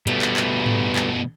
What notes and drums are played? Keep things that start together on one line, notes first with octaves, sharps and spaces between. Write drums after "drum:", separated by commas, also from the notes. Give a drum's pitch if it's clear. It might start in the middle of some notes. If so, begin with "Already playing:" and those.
B2 G3 A3 B3, drum: hi-hat
drum: clap
drum: clap
drum: tom G#2
drum: clap